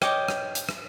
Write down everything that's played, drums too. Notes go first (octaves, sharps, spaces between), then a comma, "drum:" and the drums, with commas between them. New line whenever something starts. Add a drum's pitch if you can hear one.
C#5 D#5 G5 D6, drum: rim click
drum: rim click
drum: hi-hat
drum: rim click